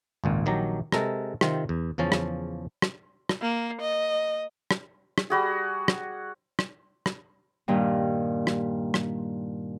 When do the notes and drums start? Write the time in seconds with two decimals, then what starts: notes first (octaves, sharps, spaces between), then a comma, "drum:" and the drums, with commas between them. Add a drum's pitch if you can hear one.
0.24 G#1 C#2 A#2
0.46 A#1 D#3 F#3 G4 A#5
0.92 C3 G#3 A4 A#4 A#5, drum: rim click
1.41 C3 D#3 C4 F4, drum: rim click
1.69 E2
1.98 E2 C#3 F3 C#4 A5
2.12 drum: rim click
2.82 drum: rim click
3.29 drum: rim click
3.41 A#3
3.81 D#5
4.71 drum: rim click
5.18 drum: rim click
5.30 G3 F#4 G#4
5.88 drum: rim click
6.59 drum: rim click
7.06 drum: rim click
7.68 G2 A#2 D#3 G3
8.47 drum: rim click
8.94 drum: rim click